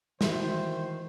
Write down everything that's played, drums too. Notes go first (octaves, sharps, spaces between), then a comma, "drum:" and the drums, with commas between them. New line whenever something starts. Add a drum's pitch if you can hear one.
D#3 E3 F4 F#4 C5 E5, drum: snare